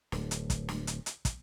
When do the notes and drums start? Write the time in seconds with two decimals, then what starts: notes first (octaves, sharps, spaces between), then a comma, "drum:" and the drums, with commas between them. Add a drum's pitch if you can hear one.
0.12 D1, drum: snare
0.31 drum: hi-hat
0.50 drum: kick, hi-hat
0.68 drum: snare
0.87 drum: hi-hat
1.06 drum: hi-hat
1.25 drum: kick, hi-hat